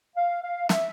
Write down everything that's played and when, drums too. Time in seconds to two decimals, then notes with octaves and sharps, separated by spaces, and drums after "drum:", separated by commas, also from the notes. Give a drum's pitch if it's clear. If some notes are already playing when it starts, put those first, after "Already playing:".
0.17 F5
0.43 F5
0.69 E5, drum: snare